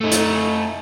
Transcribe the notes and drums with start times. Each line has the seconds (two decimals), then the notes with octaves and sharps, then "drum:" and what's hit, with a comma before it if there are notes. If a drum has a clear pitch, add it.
0.01 A3 D#4
0.11 drum: hi-hat